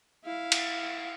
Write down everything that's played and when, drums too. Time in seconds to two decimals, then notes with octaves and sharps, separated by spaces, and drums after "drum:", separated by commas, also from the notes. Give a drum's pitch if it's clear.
0.24 E4 F5
0.52 drum: cymbal